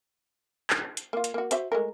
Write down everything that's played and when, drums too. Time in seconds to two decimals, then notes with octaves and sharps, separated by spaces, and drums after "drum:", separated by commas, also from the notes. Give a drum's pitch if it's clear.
0.70 drum: clap
0.97 drum: hi-hat
1.13 A#3 F4
1.24 drum: hi-hat
1.34 A#3 F#4
1.51 F#4 C5 E5, drum: hi-hat
1.72 G#3 A3 A#4